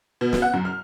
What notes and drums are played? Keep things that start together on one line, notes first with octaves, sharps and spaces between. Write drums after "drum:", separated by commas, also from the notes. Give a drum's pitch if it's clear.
B2
drum: snare
F#5
F#2
F6